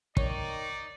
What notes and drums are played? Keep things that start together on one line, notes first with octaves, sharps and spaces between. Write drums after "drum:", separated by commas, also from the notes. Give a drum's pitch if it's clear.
D#3 D#4 C#5 D5, drum: kick